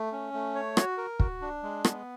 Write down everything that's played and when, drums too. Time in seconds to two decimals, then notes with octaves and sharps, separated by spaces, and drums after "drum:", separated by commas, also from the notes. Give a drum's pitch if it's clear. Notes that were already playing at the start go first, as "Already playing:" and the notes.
Already playing: A3
0.12 C#4
0.33 A3
0.55 C#5
0.77 F#4, drum: rim click
0.98 A#4
1.20 F#4, drum: kick
1.41 D4
1.63 G#3
1.85 B3, drum: rim click